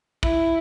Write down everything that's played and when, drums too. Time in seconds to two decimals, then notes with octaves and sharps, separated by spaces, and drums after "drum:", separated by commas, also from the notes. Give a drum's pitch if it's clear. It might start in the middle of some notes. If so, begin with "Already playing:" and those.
0.23 E4, drum: kick